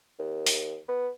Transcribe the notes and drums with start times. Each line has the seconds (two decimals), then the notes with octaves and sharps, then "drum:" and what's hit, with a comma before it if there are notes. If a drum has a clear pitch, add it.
0.19 D#2
0.46 drum: open hi-hat
0.88 B3